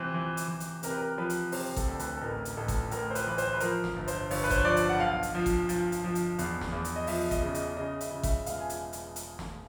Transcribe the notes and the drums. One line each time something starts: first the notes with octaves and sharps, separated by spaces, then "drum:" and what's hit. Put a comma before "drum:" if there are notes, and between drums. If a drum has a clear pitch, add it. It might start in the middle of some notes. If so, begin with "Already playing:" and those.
Already playing: C3 E3 C5
E3
drum: hi-hat
E3
drum: hi-hat
C3 A#4, drum: hi-hat
B4
A#4
F3 B4
drum: hi-hat
C3 C5, drum: open hi-hat
A4, drum: kick G#1, hi-hat
D2
B4, drum: hi-hat
A4
A1 A#4
drum: hi-hat
A1 A4
drum: kick G#1, hi-hat
A2 A#4, drum: hi-hat
C5
B4, drum: hi-hat
E3 B4
C5, drum: hi-hat
B4
F3 A#4, drum: hi-hat
drum: snare
G1
C5, drum: hi-hat
G1 C#5, drum: open hi-hat
B4
C5, drum: kick G#1, hi-hat
C#5
F3 D5
drum: hi-hat
F#5
B1 F5
drum: hi-hat
F3
drum: kick G#1, hi-hat
F3, drum: hi-hat
drum: hi-hat
F3
drum: hi-hat
E2, drum: hi-hat
drum: snare
E2
drum: hi-hat
D#5
F3 E5, drum: open hi-hat
D#5, drum: kick G#1, hi-hat
C#3
D#5, drum: hi-hat
C#3 D#5
E5, drum: hi-hat
C#3
E5, drum: kick G#1, hi-hat
E1 F5, drum: hi-hat
G#5
drum: hi-hat
drum: hi-hat
drum: hi-hat
drum: snare